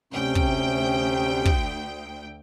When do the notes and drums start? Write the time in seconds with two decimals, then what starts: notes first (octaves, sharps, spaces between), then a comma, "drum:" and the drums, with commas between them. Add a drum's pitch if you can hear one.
0.13 D2 C3 C#4 G5
0.35 drum: kick
1.45 drum: kick